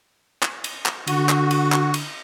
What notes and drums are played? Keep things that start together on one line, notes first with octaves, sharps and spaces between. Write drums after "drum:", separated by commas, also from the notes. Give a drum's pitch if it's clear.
drum: clap
drum: cymbal
drum: clap
D3 F#4, drum: cymbal
drum: clap
drum: cymbal
drum: clap
drum: cymbal